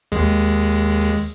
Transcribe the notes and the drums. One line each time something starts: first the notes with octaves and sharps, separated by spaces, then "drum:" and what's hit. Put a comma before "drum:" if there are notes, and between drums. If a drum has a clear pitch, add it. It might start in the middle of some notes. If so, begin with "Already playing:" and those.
D#2 G#3, drum: hi-hat
drum: hi-hat
drum: hi-hat
drum: open hi-hat